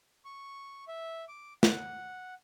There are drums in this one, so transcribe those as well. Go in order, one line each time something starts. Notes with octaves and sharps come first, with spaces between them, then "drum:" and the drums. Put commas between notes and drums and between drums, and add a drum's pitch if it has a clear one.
C#6
E5
D6
F#5, drum: snare